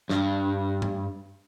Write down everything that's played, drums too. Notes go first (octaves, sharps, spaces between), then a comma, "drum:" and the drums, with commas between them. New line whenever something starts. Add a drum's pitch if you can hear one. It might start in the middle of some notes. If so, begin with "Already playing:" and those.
G2, drum: snare
drum: tom G2